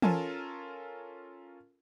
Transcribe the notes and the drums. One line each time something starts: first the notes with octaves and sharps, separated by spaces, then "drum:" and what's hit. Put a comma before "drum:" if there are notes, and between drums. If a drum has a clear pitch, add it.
C#4 F4 A4 A#4 G#5 A5, drum: tom E3